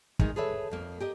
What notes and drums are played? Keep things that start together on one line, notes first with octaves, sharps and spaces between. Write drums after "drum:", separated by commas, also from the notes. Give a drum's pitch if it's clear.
D#3 E3 G#3 D#4, drum: kick
G#4 A4 B4 C#5 E5
F2 A#3
G4 A#4 D#5